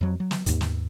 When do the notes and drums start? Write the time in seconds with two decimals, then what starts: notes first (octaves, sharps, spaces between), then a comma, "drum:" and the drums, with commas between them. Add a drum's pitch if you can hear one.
0.01 F2 F#3
0.20 F#3
0.31 drum: snare
0.46 D#2 G#2, drum: hi-hat
0.61 drum: snare